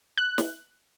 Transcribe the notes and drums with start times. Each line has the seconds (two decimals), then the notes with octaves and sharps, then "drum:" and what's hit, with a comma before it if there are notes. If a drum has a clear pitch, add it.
0.18 F#6
0.38 drum: snare